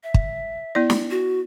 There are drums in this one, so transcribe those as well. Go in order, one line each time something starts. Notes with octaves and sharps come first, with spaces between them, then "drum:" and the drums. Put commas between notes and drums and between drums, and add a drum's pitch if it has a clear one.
E5
drum: kick
B3 E4 D5
drum: snare
F#4